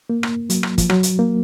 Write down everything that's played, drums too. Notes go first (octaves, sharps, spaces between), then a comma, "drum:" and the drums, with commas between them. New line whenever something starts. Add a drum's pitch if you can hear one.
A#3
drum: rim click
F#3, drum: hi-hat
drum: rim click
F3, drum: kick, hi-hat
F#3, drum: rim click
drum: hi-hat
A#3